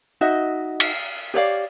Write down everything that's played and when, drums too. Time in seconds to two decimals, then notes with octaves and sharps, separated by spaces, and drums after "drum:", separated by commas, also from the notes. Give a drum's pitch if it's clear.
0.21 D#4 F#4 D#5 E5
0.80 drum: cymbal
1.34 G4 C#5 D5 F5